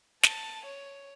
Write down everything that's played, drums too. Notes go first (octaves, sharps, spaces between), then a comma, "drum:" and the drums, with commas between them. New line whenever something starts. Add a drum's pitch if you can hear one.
A5, drum: snare
C#5